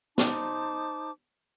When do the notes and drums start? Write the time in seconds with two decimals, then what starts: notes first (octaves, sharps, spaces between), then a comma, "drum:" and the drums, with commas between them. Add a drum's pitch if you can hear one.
0.18 D#4 C5 A5 D6, drum: snare